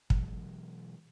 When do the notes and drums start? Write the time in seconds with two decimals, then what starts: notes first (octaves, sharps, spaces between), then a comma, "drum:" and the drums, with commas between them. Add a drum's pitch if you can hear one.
0.10 B2 E3 F#3 G#3, drum: kick